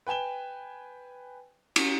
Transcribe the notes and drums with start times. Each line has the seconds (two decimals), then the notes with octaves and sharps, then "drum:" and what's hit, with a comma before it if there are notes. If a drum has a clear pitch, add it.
0.07 B4 G5 G#5 E7 G7
1.76 drum: cymbal